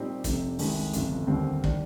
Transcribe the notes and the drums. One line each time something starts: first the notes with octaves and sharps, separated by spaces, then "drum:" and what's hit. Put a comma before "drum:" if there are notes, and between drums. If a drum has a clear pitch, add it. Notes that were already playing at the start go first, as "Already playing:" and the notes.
Already playing: A#2 G3 C4 D#4 G4
F1 F2 C3, drum: kick, hi-hat
C2 C3 D#3 G#3, drum: open hi-hat
G1 F2 C3, drum: hi-hat
D#2 D3 G3 C4
D#3 G3 D4, drum: kick